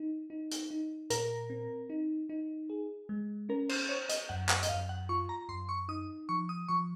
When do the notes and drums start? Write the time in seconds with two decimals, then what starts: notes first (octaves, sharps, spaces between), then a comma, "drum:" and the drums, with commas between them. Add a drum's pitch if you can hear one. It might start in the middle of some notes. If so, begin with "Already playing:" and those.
Already playing: D#4
0.30 D#4
0.51 drum: hi-hat
0.71 D#4
1.10 A#2 A#4, drum: hi-hat
1.50 C4
1.90 D#4
2.29 D#4
2.70 G#4
3.09 G#3
3.49 C#4 A#4
3.69 C5, drum: cymbal
3.89 C5 C#5
4.09 D#5, drum: hi-hat
4.29 F#2 F#5
4.49 F#5, drum: clap
4.63 D#5, drum: hi-hat
4.69 F#2 F5
4.89 F#5
5.09 F4 C#6
5.29 A#5
5.49 F#2 C6
5.69 C#6
5.88 D#4 D#6
6.29 F3 C#6
6.49 D#6
6.69 F3 C#6